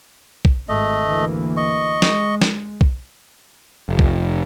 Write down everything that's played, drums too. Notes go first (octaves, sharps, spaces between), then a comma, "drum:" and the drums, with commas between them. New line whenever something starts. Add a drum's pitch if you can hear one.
drum: kick B1
G#1 A3 D#5
D2 E3 A#3
D#5 C#6
G#3, drum: snare
drum: snare
drum: kick B1
F1
drum: kick B1